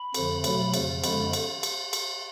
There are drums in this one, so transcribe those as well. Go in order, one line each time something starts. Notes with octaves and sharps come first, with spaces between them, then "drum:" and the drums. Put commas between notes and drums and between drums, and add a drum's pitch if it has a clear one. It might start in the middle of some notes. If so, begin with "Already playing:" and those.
Already playing: B5
F2 D3 F3, drum: cymbal
B2 F#3 A3 B5, drum: cymbal
F2 C#3 F3, drum: cymbal
F#2 D3 F3 G#3 B3 B5, drum: cymbal
drum: cymbal
drum: cymbal
drum: cymbal